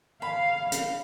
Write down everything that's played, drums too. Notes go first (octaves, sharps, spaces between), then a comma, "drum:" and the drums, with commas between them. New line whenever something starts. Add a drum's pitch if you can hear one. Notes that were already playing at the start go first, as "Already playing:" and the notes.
F5 B5
drum: hi-hat